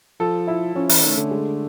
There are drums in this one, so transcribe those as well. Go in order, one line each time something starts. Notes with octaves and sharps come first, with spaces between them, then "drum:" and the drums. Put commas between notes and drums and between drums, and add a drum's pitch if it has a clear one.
F3 A4
E4
F3 C#4
E3, drum: open hi-hat
D#3 A3
D3
G#3